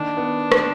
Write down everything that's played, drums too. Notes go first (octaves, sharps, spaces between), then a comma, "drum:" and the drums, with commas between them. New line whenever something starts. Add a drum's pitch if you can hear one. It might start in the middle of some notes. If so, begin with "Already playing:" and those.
Already playing: D#3 A#3 D4
B3
drum: rim click